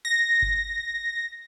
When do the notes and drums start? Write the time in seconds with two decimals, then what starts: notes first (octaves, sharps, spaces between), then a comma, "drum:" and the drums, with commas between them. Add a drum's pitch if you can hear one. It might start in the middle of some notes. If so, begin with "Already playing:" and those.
0.05 A#6
0.42 drum: kick G1